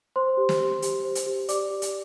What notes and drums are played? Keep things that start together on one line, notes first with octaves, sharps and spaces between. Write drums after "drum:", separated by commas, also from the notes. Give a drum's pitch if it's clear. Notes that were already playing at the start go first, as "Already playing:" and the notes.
C5 C6
G4
drum: snare
C5
G4, drum: hi-hat
C5
drum: hi-hat
G4
G4 D5 D6, drum: hi-hat
G4
drum: hi-hat